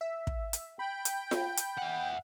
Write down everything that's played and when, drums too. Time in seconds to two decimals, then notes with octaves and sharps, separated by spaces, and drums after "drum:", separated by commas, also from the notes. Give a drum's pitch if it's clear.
0.01 E5
0.27 drum: kick
0.53 drum: hi-hat
0.79 G5 B5
1.05 drum: hi-hat
1.31 drum: snare F4
1.57 drum: hi-hat
1.78 E5 F#5